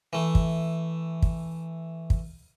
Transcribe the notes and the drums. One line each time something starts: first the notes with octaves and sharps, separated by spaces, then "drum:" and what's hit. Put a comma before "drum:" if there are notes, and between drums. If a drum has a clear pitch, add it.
E3 A3
drum: kick
drum: kick
drum: kick